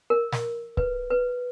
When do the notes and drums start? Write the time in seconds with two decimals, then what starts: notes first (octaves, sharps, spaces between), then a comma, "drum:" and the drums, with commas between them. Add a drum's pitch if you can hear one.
0.10 A#4
0.32 drum: snare
0.77 B4, drum: kick C#1
1.10 B4